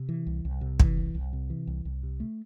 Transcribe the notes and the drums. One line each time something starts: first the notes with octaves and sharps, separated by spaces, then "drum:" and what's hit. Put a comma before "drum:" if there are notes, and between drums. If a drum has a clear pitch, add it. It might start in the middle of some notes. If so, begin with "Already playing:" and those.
Already playing: C3
E3
C2
C2
C3
E3, drum: kick
C2
C2
C3
E3
C2
C2
C3
A3